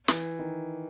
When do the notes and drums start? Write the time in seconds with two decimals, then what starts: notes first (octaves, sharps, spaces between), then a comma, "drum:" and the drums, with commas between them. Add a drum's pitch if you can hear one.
0.08 E3, drum: snare
0.39 D#3